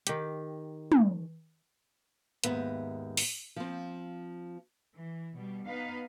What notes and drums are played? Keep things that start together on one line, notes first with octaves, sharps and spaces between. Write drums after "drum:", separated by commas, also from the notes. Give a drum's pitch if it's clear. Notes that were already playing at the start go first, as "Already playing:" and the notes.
D#3 G4, drum: hi-hat
drum: tom
D#2 G#2 B3 E5, drum: hi-hat
drum: open hi-hat
F3 C4
E3
B2 G3
B3 D#4 B4 F5